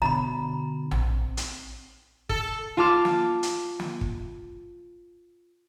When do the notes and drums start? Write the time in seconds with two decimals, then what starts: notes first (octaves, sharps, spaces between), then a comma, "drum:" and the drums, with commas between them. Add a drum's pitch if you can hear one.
0.02 B2 D3 A#5 B5
0.91 C4, drum: tom A#1
1.37 drum: hi-hat
2.29 A4, drum: kick
2.77 F4 A5 D6 F6
3.05 drum: snare
3.43 drum: hi-hat
3.80 drum: snare
4.01 drum: kick